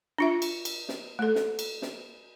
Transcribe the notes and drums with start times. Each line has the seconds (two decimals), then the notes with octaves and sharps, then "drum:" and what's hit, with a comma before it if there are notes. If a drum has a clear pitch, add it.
0.18 D4 F4 E5
0.42 drum: cymbal
0.65 drum: cymbal
0.89 drum: snare
1.19 A3 A4
1.35 drum: snare
1.59 drum: cymbal
1.82 drum: snare